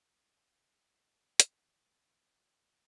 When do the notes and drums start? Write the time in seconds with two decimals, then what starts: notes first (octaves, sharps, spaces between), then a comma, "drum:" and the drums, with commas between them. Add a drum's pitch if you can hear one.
0.02 G#2 C3 A#4 G5
0.36 E5 F5 A5
1.40 D#3 C4, drum: hi-hat
2.51 C4 E4